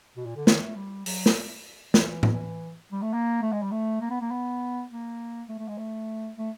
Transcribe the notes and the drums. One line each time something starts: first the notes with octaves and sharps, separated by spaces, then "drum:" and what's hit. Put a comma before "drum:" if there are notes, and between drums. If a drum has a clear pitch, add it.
B2
A#2
D3
D#3, drum: snare
A3
G3
F#3, drum: open hi-hat
drum: snare
E3, drum: snare
E3
drum: tom A2
G3
A3
A#3
A3
G#3
G3
A3
A#3
B3
A#3
B3
A#3
A3
A3
G#3
A3
A3